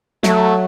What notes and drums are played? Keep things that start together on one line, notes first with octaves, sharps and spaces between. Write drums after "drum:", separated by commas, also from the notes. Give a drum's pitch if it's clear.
F#3 A3, drum: snare